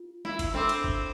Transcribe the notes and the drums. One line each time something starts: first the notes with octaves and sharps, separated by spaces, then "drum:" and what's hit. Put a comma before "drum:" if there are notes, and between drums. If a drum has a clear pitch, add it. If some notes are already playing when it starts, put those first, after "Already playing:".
Already playing: F4
E4, drum: snare
drum: kick, cymbal
C4 D4 A4 E5 B5 D6, drum: snare
drum: cymbal
drum: kick